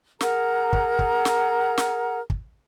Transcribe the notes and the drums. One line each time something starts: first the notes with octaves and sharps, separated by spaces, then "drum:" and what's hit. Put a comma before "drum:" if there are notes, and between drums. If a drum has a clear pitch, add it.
G#4 A#4 F#5 A#5, drum: snare
drum: kick
drum: kick
drum: snare
drum: snare
drum: kick